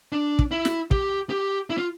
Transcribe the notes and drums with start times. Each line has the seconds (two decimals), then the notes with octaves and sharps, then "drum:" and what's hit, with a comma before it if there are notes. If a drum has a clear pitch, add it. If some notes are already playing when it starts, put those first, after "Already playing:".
0.12 D4
0.39 drum: kick
0.51 E4
0.65 drum: snare
0.91 G4, drum: kick
1.30 G4
1.70 E4
1.77 F4